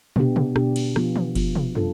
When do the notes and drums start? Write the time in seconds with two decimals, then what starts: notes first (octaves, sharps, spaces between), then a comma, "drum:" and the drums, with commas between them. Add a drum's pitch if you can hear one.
0.16 B2 B3 D4 G4, drum: tom
0.36 drum: tom
0.56 B2 B3 D4 G4, drum: rim click
0.76 drum: cymbal
0.96 F3 B3 F4, drum: rim click
1.16 drum: tom
1.35 F3 B3 F4, drum: kick F#1, cymbal
1.55 drum: tom
1.75 C3 G3 D4 F4 A4, drum: tom